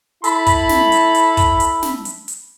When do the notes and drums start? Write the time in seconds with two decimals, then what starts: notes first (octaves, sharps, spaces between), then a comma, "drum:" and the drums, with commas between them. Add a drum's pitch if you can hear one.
0.24 E4 A4 B5, drum: hi-hat
0.46 drum: kick, hi-hat
0.69 drum: snare
0.92 drum: hi-hat
1.15 drum: hi-hat
1.37 drum: kick, hi-hat
1.60 drum: hi-hat
1.83 drum: snare
2.05 drum: hi-hat
2.28 drum: hi-hat